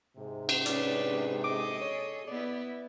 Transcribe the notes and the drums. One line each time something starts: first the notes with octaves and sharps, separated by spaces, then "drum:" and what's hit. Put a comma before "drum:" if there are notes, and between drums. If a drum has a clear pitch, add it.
G#2 C3
drum: cymbal
C#4 D4 B4 D5, drum: hi-hat
G#4 A4 D#5 D6
C#5
B3 E4 D5